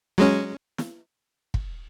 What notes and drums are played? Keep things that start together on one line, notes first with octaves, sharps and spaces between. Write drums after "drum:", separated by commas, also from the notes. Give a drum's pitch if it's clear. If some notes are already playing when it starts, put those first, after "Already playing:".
F#3 G#3 C#4
drum: snare
drum: kick